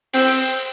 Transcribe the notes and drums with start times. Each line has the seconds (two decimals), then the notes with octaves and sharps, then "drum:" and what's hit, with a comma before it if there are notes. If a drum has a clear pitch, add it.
0.14 C4, drum: open hi-hat